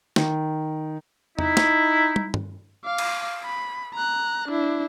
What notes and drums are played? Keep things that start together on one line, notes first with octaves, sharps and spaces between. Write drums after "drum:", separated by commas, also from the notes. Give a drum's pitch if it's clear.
D#3, drum: snare
D#4 E4, drum: tom E2
drum: snare
drum: tom
drum: tom
F5 D6
drum: cymbal
B5
A#5 F#6
D4 E4